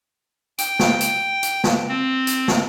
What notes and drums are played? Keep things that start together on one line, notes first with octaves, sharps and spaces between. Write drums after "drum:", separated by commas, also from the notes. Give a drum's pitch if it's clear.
G5, drum: hi-hat
drum: snare
drum: hi-hat
drum: hi-hat
drum: snare
C4
drum: hi-hat
drum: snare